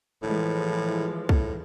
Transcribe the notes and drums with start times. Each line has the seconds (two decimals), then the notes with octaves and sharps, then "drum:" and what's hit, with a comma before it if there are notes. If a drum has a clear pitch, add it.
0.22 A2 E3 F3 G#3
1.29 A2, drum: kick C2